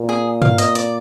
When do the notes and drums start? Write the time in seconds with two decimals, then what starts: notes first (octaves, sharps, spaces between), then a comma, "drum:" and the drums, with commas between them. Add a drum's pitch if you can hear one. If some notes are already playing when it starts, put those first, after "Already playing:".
Already playing: A#2
0.09 G#4
0.42 F5, drum: tom
0.58 D#5, drum: hi-hat
0.75 D5, drum: hi-hat